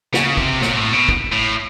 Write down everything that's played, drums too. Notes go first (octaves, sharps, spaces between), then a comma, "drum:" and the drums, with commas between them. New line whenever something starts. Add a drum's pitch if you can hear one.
C#3, drum: snare
C3, drum: kick
A#2, drum: snare
A2
B2
drum: kick
A2